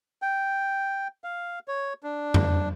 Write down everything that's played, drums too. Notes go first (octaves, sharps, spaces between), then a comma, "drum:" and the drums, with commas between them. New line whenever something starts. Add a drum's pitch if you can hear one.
G5
F5
C#5
D4
drum: tom F2